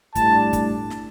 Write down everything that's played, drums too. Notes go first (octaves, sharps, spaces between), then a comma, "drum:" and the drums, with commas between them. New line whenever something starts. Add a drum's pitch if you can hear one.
A2 G3 D4 A5, drum: kick, hi-hat
drum: kick, hi-hat
drum: snare